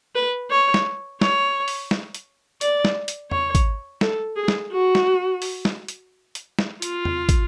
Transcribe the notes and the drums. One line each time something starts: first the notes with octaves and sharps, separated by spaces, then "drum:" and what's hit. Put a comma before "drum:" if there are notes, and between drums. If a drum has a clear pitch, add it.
B4
C#5
drum: snare
C#5, drum: snare
drum: open hi-hat
drum: snare
drum: hi-hat
D5, drum: hi-hat
drum: snare
drum: hi-hat
C#5, drum: tom E2
drum: kick, hi-hat
A4, drum: snare
G#4
drum: snare
F#4
drum: snare
drum: open hi-hat
drum: snare
drum: hi-hat
drum: hi-hat
drum: snare
F4, drum: hi-hat
drum: tom E2
drum: kick, hi-hat